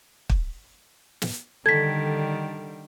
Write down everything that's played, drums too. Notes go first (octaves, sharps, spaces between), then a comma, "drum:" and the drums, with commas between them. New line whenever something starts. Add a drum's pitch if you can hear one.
drum: kick
drum: snare
D3 D#3 G3 A4 G#6 B6